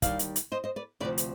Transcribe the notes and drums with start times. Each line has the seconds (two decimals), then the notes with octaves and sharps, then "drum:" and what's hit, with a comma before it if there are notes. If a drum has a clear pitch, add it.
0.02 D#2 D#3 G3 D5 F5, drum: kick, hi-hat
0.19 drum: hi-hat
0.36 drum: hi-hat
0.52 C5 D#5
0.64 C5 D#5
0.76 B4 D5
1.00 D2 C3 F3 B4 D5
1.18 drum: hi-hat